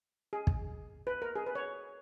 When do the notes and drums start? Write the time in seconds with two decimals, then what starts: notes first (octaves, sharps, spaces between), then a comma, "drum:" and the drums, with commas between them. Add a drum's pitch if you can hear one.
0.33 G#4
0.47 drum: kick
1.07 B4
1.22 A#4
1.36 G#4
1.46 B4
1.55 C#5